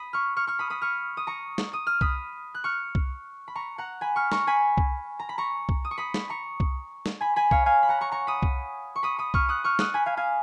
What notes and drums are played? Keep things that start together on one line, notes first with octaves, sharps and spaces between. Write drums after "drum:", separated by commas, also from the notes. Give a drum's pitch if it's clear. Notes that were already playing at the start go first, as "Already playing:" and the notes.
Already playing: B5 D#6
C#6 F6
C#6 F6
C#6 F6
B5 D#6
B5 D#6
C#6 F6
D#6
A#5 C#6
drum: snare
D#6
F6
B5 D#6, drum: kick C2
F#6
C#6 F6
drum: kick C2
B5
A#5 C#6
F#5 A#5
G#5 B5
C#6 F6
A#5 C#6, drum: snare
G#5 B5
drum: kick C2
A#5
B5
A#5 C#6
drum: kick C2
D#6
C#6
B5 D#6
drum: snare
A#5 C#6
drum: kick C2
drum: snare
G#5 B5
G#5 B5
C#5 F5, drum: kick C2
F5 G#5
B5
F#5 A#5
A#5 C#6
A#5 C#6
B5 D#6
drum: kick C2
C#6
B5 D#6
B5 D#6
C#6 F6, drum: kick C2
D#6 F#6
C#6 F6
D#6 F#6, drum: snare
G#5 B5
F5 G#5
F5 G#5